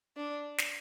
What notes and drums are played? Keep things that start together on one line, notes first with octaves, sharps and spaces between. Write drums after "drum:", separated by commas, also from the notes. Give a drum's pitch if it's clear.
D4
drum: snare